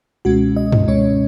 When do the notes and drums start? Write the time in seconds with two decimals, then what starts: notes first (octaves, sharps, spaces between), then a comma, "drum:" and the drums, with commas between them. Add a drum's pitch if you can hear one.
0.25 C#2 B2 G#3 C#4 F#4
0.56 D#5
0.72 drum: tom F#2
0.87 C#2 B2 G#3 C#4 C#5